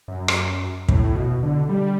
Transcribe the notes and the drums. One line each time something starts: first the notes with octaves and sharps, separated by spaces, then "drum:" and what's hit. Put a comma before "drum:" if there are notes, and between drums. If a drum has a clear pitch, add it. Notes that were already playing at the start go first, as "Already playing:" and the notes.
F#2
drum: rim click
A2, drum: kick
A2
B2
D3
G3